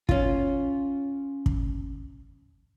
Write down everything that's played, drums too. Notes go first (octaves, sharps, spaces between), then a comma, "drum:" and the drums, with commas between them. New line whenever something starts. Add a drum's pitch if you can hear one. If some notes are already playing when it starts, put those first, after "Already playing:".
C#4 F4, drum: kick
drum: kick